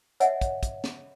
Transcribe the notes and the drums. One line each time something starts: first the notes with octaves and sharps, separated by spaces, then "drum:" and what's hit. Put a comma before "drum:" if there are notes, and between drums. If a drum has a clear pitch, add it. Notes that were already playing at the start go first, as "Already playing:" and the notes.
C#5 D#5 E5 F#5 G#5, drum: hi-hat
drum: kick, hi-hat
drum: kick, hi-hat
drum: snare